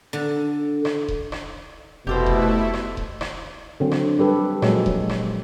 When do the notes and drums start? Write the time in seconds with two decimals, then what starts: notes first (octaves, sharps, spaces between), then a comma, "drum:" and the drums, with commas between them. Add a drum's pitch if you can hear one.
0.13 D3
0.85 drum: rim click
1.08 drum: kick D#1
1.32 drum: rim click
2.07 F1 B2 A3 E4 G4 A4 C5
2.26 drum: kick D#1
2.74 drum: rim click
2.97 drum: kick D#1
3.21 drum: rim click
3.80 D3 F#3 C4
3.91 drum: rim click
4.18 G3 G4 A4 B4
4.62 A#2 F3 F#3 G#3, drum: rim click
4.86 drum: kick D#1
5.09 drum: rim click